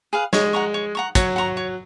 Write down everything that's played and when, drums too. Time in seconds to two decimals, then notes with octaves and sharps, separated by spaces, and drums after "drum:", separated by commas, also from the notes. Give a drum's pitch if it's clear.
0.13 G#4 B4 F5
0.33 G#3 C#5, drum: snare
0.53 F#5 A#5 C#6
0.74 C#5
0.95 F#5 A#5 C#6
1.15 F#3 C#5, drum: kick, hi-hat
1.36 F#5 A#5 C#6
1.57 C#5